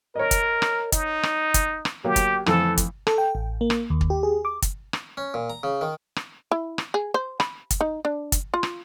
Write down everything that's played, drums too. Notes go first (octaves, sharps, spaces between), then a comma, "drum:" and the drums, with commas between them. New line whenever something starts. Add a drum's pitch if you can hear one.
A#4 C#5 D#5
drum: kick, hi-hat
drum: rim click
D#4, drum: kick, hi-hat
drum: rim click
drum: kick, hi-hat
drum: rim click
F#3 A#3 G4
drum: kick, hi-hat
F2 E3 A3 A4, drum: rim click
drum: kick, hi-hat
A4, drum: rim click
G5
A1
A#3
drum: rim click
D#2
drum: kick
G4
G#4
D6
drum: kick, hi-hat
drum: rim click
C#4
A#2
A#5
C#3
D#3
drum: rim click
E4
drum: rim click
G#4
C5
B5, drum: rim click
drum: kick, hi-hat
D#4
D4
drum: kick, hi-hat
F4
drum: rim click